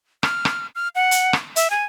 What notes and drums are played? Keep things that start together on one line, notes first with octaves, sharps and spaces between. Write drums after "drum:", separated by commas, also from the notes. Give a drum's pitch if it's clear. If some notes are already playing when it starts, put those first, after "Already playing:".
F6, drum: rim click
drum: rim click
F6
F#5
drum: hi-hat
drum: rim click
E5, drum: hi-hat
G#5